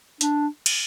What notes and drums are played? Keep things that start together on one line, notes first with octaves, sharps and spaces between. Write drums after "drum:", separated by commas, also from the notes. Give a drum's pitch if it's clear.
D4, drum: hi-hat
drum: cymbal